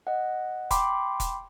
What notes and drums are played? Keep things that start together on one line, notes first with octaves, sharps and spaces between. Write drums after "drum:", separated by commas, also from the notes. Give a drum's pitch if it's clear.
D#5 F#5
G5 B5 C6 D6, drum: kick E1, hi-hat
drum: kick E1, hi-hat